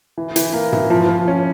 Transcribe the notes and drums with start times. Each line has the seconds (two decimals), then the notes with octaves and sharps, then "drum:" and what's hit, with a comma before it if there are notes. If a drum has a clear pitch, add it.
0.18 E3
0.36 E3, drum: hi-hat
0.53 A#3
0.73 E3, drum: tom G#2
0.90 F3
1.09 F3
1.28 C#4